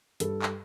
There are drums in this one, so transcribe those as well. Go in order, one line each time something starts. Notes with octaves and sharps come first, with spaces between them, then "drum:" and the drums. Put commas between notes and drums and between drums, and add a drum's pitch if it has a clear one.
G2 A4, drum: hi-hat
drum: clap